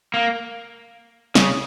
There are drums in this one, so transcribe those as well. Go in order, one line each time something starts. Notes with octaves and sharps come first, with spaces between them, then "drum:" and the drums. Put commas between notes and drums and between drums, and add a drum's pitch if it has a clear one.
A#3
C#3, drum: snare